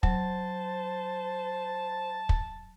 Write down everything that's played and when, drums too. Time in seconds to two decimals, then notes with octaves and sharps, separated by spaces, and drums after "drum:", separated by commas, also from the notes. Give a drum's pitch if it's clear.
0.03 F#3 C5 A5, drum: kick
2.29 drum: kick